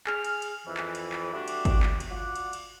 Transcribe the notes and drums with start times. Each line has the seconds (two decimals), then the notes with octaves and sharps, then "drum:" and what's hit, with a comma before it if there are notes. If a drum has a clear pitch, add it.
0.07 G#4 F6, drum: clap
0.25 drum: cymbal
0.42 drum: cymbal
0.66 F2 E3
0.77 drum: clap
0.95 drum: cymbal
1.12 drum: clap
1.33 G3 A3 D4 F#4 G4
1.48 drum: cymbal
1.65 drum: kick G#1, cymbal
1.83 drum: clap
2.00 drum: cymbal
2.10 F4 F#4 D5 F#5
2.36 drum: cymbal
2.53 drum: cymbal